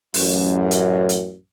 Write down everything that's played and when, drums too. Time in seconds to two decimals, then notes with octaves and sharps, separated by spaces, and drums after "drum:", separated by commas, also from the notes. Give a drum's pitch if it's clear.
0.14 A1 F#2, drum: open hi-hat
0.71 drum: hi-hat
1.09 drum: hi-hat